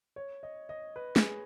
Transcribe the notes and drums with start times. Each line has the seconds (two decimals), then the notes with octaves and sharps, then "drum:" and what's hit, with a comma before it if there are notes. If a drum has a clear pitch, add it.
0.16 C#5
0.43 D#5
0.69 D#5
0.96 B4
1.16 G#4, drum: snare